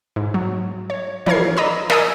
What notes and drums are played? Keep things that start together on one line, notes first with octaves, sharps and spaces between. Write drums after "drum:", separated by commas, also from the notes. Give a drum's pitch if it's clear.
G#2
F#3
C#5
E3 F3 A#4 C#5 G#6 C7, drum: tom
D5 D#5 A#5 B5 D#6 E6
A#4 D5 D#5 G#5 D#6 E6, drum: snare